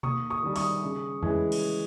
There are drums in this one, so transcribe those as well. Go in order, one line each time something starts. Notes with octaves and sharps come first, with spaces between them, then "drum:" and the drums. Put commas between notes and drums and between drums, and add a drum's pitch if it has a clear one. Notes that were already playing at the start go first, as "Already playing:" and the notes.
D#2 C#6 D#6, drum: tom B2
C#6 D#6
D#3 G3
C#6 D#6, drum: open hi-hat
C#3
E3 G#3 C#4, drum: tom E2
drum: cymbal